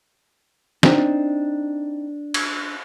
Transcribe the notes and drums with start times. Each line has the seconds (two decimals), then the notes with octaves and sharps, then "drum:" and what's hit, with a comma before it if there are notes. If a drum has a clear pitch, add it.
0.83 C4 D4 D#4, drum: snare
2.34 drum: cymbal